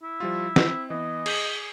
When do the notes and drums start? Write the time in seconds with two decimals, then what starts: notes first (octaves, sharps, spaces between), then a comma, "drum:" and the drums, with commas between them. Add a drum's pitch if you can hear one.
0.03 E4
0.20 F3 G3 F4
0.56 C4, drum: snare
0.90 E3 B3 D#5
1.26 G#4 G6 B6, drum: cymbal